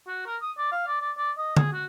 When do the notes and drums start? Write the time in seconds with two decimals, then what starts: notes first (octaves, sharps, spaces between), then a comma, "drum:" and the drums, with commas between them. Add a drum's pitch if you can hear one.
0.07 F#4
0.26 A#4
0.42 D#6
0.58 D5
0.72 F5
0.87 D5
1.02 D5
1.17 D5
1.38 D#5
1.57 G#4, drum: tom D3
1.73 F#4